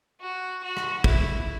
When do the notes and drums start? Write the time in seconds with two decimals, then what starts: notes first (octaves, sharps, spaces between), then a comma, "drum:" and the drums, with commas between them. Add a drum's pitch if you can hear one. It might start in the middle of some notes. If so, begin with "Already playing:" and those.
0.21 F#4
0.63 F#4
0.77 drum: rim click
1.04 E4, drum: kick